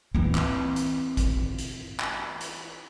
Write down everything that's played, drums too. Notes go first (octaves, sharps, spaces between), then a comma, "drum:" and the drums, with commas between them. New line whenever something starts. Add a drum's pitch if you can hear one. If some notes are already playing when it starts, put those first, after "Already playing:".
E3 C4
drum: clap
drum: hi-hat
drum: kick, hi-hat
drum: hi-hat
drum: clap
drum: hi-hat